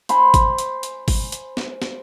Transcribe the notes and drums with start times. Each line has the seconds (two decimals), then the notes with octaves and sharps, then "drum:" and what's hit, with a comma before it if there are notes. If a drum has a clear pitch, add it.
0.09 C5 G#5 B5, drum: hi-hat
0.34 drum: kick, hi-hat
0.58 drum: hi-hat
0.83 drum: hi-hat
1.08 drum: kick, open hi-hat
1.32 drum: hi-hat
1.57 drum: snare
1.82 drum: snare